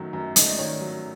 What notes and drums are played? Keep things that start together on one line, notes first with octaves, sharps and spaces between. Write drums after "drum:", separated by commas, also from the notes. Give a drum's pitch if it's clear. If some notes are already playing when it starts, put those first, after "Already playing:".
Already playing: F#2 D#3 F#3 A3
F#2
A3 D#5, drum: hi-hat
D5
D#3 C#5
F#3